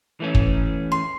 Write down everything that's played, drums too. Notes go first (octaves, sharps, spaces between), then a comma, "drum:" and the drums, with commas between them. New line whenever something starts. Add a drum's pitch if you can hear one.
E3 A3 C#4
drum: kick
C6